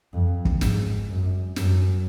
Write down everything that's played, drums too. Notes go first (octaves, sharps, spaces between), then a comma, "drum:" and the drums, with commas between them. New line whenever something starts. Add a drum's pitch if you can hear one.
F2
drum: kick
G#2, drum: snare
F#2
F#2, drum: snare